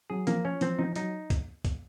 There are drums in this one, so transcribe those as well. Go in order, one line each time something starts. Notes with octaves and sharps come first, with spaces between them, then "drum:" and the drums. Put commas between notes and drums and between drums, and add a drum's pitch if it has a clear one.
F#3 G#4
F3 A#3, drum: hi-hat
C#4
F3 C4, drum: hi-hat
F3 D#4
F#3 D#4, drum: hi-hat
drum: kick C2, hi-hat
drum: kick C2, hi-hat